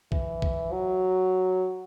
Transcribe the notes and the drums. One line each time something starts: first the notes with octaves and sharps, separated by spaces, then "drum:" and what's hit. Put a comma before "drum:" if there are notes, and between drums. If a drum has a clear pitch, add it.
E3, drum: kick B1
drum: kick B1
F#3